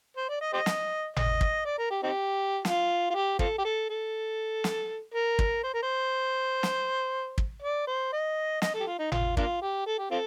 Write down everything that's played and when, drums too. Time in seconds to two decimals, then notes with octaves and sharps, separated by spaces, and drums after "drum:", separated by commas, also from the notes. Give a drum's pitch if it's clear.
0.17 C5
0.29 D5
0.41 D#5
0.53 G4 C5 D#5
0.66 drum: snare
1.16 D#5, drum: tom G#1
1.41 drum: kick
1.65 D5
1.78 A#4
1.90 G4
2.03 C4 D#4 G4
2.65 F4, drum: snare
3.10 F4
3.14 G4
3.39 C4 F4 A4, drum: kick
3.58 G4
3.65 A4
3.89 A4
4.64 drum: snare
5.14 A#4
5.39 drum: kick
5.63 C5
5.74 A#4
5.83 C5
6.63 drum: snare
7.38 drum: kick
7.62 D5
7.87 C5
8.13 D#5
8.62 D#5, drum: snare
8.74 A4
8.80 G4
8.87 F4
8.99 D#4
9.12 F4, drum: tom G#1
9.37 A#3 D4 F4, drum: kick
9.62 G4
9.86 A4
9.98 G4
10.11 C4 F4 A4